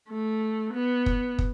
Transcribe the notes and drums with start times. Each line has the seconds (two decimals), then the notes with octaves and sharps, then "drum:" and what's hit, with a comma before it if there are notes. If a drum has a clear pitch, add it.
0.09 A3
0.74 B3
1.06 drum: kick
1.39 drum: kick